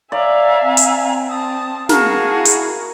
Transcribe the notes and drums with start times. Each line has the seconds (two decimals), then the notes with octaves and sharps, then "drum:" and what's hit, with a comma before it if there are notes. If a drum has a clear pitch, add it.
0.12 C#5 D5 E5 F5 G#5 A#5
0.62 C4
0.77 drum: hi-hat
1.29 A5 D#6
1.89 F#4 G#4 A#4 F5 A5, drum: snare
2.29 E4
2.45 drum: hi-hat